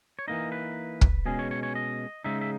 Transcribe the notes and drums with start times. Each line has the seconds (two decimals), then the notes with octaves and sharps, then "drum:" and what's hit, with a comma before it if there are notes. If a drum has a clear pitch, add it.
0.19 C#5
0.28 E3 A#3 D#4 D#5
0.52 B4
1.01 drum: kick
1.26 B2 G#3 C#4 G#4
1.39 C#5
1.51 C#5
1.63 C#5
1.75 D#5
2.24 C#3 G#3 D#4 E5
2.41 E5